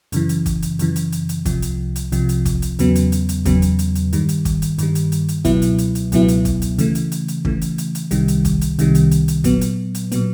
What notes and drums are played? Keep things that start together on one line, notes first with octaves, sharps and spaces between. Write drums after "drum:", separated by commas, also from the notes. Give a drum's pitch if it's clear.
F#2 C#3 E3, drum: hi-hat
drum: hi-hat
drum: kick, hi-hat
drum: hi-hat
F#2 C#3 E3, drum: hi-hat
drum: hi-hat
drum: hi-hat
drum: hi-hat
C2 C3 F3, drum: kick, hi-hat
drum: hi-hat
drum: hi-hat
C2 C3 F3, drum: hi-hat
drum: hi-hat
drum: kick, hi-hat
drum: hi-hat
E2 C#3 F#3 B3, drum: hi-hat
drum: hi-hat
drum: hi-hat
drum: hi-hat
E2 C#3 F#3 B3, drum: kick, hi-hat
drum: hi-hat
drum: hi-hat
drum: hi-hat
G2 D#3 G3, drum: hi-hat
drum: hi-hat
drum: kick, hi-hat
drum: hi-hat
G2 D#3 G3, drum: hi-hat
drum: hi-hat
drum: hi-hat
drum: hi-hat
C#2 B2 F#3 B3 E4, drum: kick, hi-hat
drum: hi-hat
drum: hi-hat
drum: hi-hat
C#2 B2 F#3 B3 E4, drum: hi-hat
drum: hi-hat
drum: kick, hi-hat
drum: hi-hat
C#3 E3 A3, drum: hi-hat
drum: hi-hat
drum: hi-hat
drum: hi-hat
C#3 E3 A3, drum: kick
drum: hi-hat
drum: hi-hat
drum: hi-hat
C2 C3 D#3 G3, drum: hi-hat
drum: hi-hat
drum: kick, hi-hat
drum: hi-hat
C2 C3 D#3 G3, drum: hi-hat
drum: hi-hat
drum: hi-hat
drum: hi-hat
A#2 F#3 B3, drum: kick, hi-hat
drum: hi-hat
drum: hi-hat
A#2 F#3 B3, drum: hi-hat